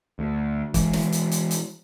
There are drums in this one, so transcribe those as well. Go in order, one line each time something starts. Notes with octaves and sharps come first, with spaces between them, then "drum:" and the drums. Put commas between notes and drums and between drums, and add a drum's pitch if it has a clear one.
D2
E3 G#3, drum: kick, hi-hat
drum: snare
drum: hi-hat
drum: hi-hat
drum: hi-hat